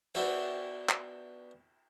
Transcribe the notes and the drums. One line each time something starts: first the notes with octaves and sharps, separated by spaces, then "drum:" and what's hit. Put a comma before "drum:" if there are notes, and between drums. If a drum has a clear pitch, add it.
B3 D4 F#4 E5 G5, drum: cymbal
drum: clap